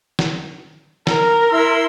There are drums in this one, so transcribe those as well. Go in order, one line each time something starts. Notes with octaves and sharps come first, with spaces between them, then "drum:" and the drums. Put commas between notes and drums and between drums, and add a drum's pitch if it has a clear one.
drum: snare
A#4, drum: snare
E4 C6 E6